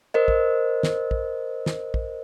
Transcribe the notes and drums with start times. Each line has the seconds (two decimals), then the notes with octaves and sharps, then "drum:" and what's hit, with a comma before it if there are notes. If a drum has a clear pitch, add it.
0.14 A#4 C5 D#5
0.28 drum: kick
0.83 drum: snare
1.11 drum: kick
1.66 drum: snare
1.94 drum: kick